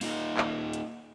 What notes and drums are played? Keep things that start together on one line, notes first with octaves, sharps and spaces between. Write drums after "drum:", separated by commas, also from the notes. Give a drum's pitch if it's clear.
A#3 D#4 F4 D#5, drum: open hi-hat
drum: clap
drum: hi-hat